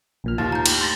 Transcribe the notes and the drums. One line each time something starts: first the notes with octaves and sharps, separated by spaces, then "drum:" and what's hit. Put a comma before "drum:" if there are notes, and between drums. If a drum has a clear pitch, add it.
A#1 A#2 F6
D#2 F4 F5 A5
A#5 G6
A2 G4 B5, drum: cymbal
C6 A6 A#6